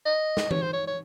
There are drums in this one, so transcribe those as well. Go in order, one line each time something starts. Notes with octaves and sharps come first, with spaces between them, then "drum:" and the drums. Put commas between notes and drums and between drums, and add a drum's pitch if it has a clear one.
D#5
drum: snare
C#5, drum: tom E3
C5
C#5
C#5